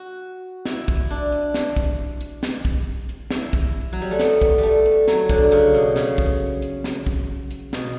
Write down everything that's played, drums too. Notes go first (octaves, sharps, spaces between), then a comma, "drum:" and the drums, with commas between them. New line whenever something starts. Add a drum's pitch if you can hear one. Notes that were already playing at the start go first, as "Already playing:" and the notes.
Already playing: F#4
E4, drum: snare
drum: kick, hi-hat
D4
drum: hi-hat
drum: snare
drum: kick, hi-hat
drum: hi-hat
drum: snare
drum: kick, hi-hat
drum: hi-hat
E4, drum: snare
drum: kick, hi-hat
F#3
G3
A3
B3, drum: snare
drum: kick, hi-hat
G3 A3
drum: hi-hat
F#3, drum: snare
D3, drum: kick, hi-hat
C#3
B2, drum: hi-hat
C#3, drum: snare
drum: kick, hi-hat
drum: hi-hat
drum: snare
drum: kick, hi-hat
drum: hi-hat
B2, drum: snare